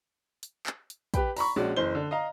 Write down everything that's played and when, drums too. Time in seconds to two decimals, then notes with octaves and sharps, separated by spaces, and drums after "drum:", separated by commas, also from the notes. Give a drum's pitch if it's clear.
0.43 drum: hi-hat
0.66 drum: clap
0.90 drum: hi-hat
1.14 G4 B4 G5 B5, drum: kick, hi-hat
1.37 A#5 B5 C#6, drum: open hi-hat
1.56 A#1 G#3 C#4 F#4 D5
1.77 F#1 E3 C5 G7
1.95 D3
2.11 D#5 F5 A#5